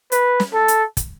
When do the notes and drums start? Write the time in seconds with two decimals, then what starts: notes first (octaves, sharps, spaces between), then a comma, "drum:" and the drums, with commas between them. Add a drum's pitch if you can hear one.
0.12 B4, drum: hi-hat
0.40 drum: snare
0.54 A4
0.68 drum: hi-hat
0.97 drum: kick, hi-hat